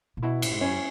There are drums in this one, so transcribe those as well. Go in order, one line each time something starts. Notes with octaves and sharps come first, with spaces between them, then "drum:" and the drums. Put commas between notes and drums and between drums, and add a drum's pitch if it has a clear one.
A#2
B2 E4
A#2, drum: cymbal
G#2
F#2 C#4